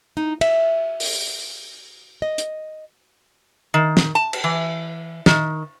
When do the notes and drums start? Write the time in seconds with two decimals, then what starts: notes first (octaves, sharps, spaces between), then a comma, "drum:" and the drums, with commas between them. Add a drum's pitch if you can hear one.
0.17 D#4
0.41 E5, drum: cymbal
1.00 drum: open hi-hat
2.22 D#5
2.38 drum: hi-hat
3.74 D#3
3.97 drum: snare
4.15 A5
4.33 drum: cymbal
4.44 E3
5.26 D#3, drum: snare